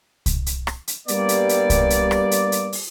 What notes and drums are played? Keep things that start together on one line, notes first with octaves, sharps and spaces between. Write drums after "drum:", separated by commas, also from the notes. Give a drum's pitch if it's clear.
drum: kick C2, hi-hat
drum: hi-hat
drum: rim click
drum: hi-hat
G2 G3 A#3 B3 D5, drum: hi-hat
drum: hi-hat
drum: hi-hat
drum: kick C2, hi-hat
drum: hi-hat
drum: rim click
drum: hi-hat
drum: hi-hat
drum: open hi-hat